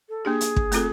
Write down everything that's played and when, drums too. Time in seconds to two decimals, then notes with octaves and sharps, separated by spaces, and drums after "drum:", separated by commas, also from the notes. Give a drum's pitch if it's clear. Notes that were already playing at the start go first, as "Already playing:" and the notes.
0.09 A4
0.25 A#3 D4 G4 G#4
0.41 drum: hi-hat
0.56 drum: kick
0.72 A3 C4 F4 A4, drum: hi-hat